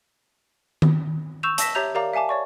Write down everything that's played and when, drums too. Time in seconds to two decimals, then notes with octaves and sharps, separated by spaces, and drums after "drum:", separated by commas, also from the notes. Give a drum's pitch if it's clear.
0.82 drum: tom D#3
1.43 C#6 E6 G6 E7 F7
1.58 A5 E6 A#6 B6 E7, drum: hi-hat
1.75 G4 C#5 E5 A#5 G6 F7
1.95 G4 A#4 D5 F5 A#5 D6
2.14 E5 F5 G#5 A5 D6
2.29 C#5 D5 C#6